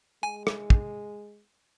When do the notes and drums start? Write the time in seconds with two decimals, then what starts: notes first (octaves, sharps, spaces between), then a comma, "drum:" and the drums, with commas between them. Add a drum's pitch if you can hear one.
0.23 G#3 G#5
0.47 drum: rim click
0.70 drum: kick